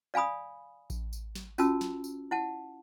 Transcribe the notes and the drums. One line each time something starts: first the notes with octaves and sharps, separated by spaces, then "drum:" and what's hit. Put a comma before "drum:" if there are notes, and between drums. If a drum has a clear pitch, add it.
D5 F5 G#5 B5 D#6
drum: kick A1, tambourine
drum: tambourine
drum: snare
C#4 F4 F#4 A5 E6, drum: tambourine
drum: snare
drum: tambourine
E4 F#5 A5